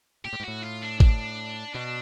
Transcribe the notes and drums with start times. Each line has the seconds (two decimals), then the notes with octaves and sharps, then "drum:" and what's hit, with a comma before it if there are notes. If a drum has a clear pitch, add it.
0.25 A#2 G4
0.33 A2
0.40 G#2
0.44 A2 F#4
0.63 F4
0.82 D4
1.00 D4, drum: kick
1.75 B2 D4